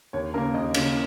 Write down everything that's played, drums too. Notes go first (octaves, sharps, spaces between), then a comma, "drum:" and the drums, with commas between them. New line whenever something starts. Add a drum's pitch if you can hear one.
D#2 C#5
C#3 A#3 A#4
D#2 D#5
C#3 A#3, drum: cymbal